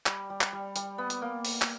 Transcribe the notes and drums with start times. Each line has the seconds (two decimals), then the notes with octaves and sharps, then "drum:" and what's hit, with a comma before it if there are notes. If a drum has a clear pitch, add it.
0.06 G3, drum: clap
0.30 G3
0.41 drum: clap
0.53 G3
0.76 G3, drum: hi-hat
0.98 B3
1.10 drum: hi-hat
1.22 A#3
1.45 drum: open hi-hat
1.62 drum: clap